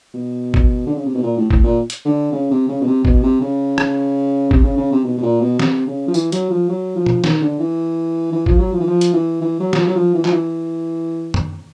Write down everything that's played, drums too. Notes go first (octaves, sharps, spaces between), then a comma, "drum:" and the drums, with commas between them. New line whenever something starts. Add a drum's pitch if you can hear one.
B2
drum: kick
D3
C#3
C3
B2
A#2
A2
A2, drum: kick
A#2
drum: hi-hat
D3
C#3
C3
C#3
B2
C3
B2, drum: kick
C3
C#3
drum: rim click
C3, drum: kick
C#3
C#3
C3
B2
B2
A#2
B2
C3, drum: snare
C#3
F3
E3, drum: tambourine
F#3, drum: hi-hat
F3
F#3
F3
drum: tom
D#3, drum: snare
D3
E3
E3
F3, drum: kick
F#3
F3
E3
F3
drum: hi-hat
E3
E3
F#3
F#3, drum: snare
F3
F#3
F3
E3
F3, drum: clap
E3
drum: tom